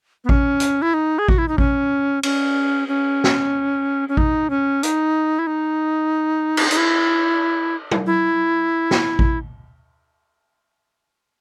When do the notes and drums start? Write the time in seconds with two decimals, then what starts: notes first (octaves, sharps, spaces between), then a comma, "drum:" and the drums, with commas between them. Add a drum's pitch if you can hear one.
0.24 B3
0.29 C#4, drum: kick A1
0.60 drum: hi-hat
0.82 E4
0.94 D#4
1.19 G#4
1.29 F#4, drum: kick A1
1.38 E4
1.48 D#4
1.58 C#4, drum: kick A1
2.23 C#4, drum: cymbal
2.88 C#4
3.24 drum: snare
4.09 C#4
4.17 D#4, drum: kick A1
4.50 C#4
4.83 D#4, drum: hi-hat
5.39 E4
5.47 D#4
6.57 drum: cymbal
6.71 D#4, drum: hi-hat
6.77 E4
7.91 drum: tom
8.06 E4
8.91 drum: snare
9.19 drum: kick A1